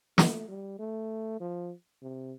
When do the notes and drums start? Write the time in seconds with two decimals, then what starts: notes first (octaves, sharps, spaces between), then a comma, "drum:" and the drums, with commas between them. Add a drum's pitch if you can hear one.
0.18 A3, drum: snare
0.48 G3
0.79 A3
1.40 F3
2.02 C3